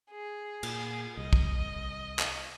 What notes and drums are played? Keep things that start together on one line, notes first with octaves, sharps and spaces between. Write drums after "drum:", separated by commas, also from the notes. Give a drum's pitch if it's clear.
G#4
A#2, drum: cymbal
C2 D#5
drum: kick
drum: clap